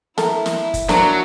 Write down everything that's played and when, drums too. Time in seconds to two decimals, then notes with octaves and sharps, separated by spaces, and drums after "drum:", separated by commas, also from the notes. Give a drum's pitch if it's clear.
0.18 E4 A4 A#4, drum: snare
0.46 drum: snare
0.74 drum: kick, hi-hat
0.89 F#3 D4 A#4 C5, drum: snare